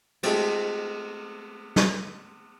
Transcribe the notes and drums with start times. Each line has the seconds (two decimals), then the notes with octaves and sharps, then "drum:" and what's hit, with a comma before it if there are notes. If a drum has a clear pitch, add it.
0.23 G#3 A3 C4 F4, drum: cymbal
1.76 drum: snare